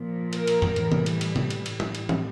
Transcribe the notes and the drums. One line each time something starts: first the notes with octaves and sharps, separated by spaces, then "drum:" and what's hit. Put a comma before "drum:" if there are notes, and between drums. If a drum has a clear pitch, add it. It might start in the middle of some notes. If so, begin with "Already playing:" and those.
Already playing: A#2 F3
A#4, drum: cymbal
drum: cymbal
drum: tom F2
A2 E3 G3, drum: cymbal
drum: tom C3
drum: cymbal
drum: cymbal
drum: tom C3
drum: cymbal
A2 G3, drum: cymbal
drum: tom
drum: cymbal
drum: tom